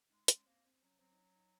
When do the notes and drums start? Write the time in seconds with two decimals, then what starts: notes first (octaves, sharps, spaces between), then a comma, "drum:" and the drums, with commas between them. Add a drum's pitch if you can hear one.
0.10 G#3 D#4
0.28 G#3 C#4, drum: hi-hat
0.46 A#3 C4
0.65 C4
0.81 F#3 C#4
0.99 F#3 C4
1.12 D#4
1.18 C#4
1.35 D#4